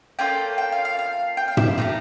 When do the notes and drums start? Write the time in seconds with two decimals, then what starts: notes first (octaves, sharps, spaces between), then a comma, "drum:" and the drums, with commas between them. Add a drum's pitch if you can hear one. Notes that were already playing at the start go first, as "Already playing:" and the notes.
0.19 A#3 C#4 F4 A4 G5
0.58 G5
0.72 F5
0.85 F5
0.99 F5
1.37 G5
1.48 F5
1.57 E5, drum: tom
1.78 A3 D4 G4 A#4